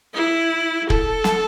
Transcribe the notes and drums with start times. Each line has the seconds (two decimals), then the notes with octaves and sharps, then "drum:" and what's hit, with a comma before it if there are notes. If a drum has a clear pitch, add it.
0.14 E4
0.90 A4, drum: kick
1.24 drum: snare